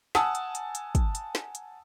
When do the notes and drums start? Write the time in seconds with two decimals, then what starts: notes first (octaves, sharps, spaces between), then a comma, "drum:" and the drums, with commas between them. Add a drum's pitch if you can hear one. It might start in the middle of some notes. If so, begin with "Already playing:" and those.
0.15 F#5 G#5 A5 D#6 E6, drum: snare
0.35 drum: hi-hat
0.55 drum: hi-hat
0.75 drum: hi-hat
0.95 drum: kick, hi-hat
1.15 drum: hi-hat
1.35 drum: snare
1.55 drum: hi-hat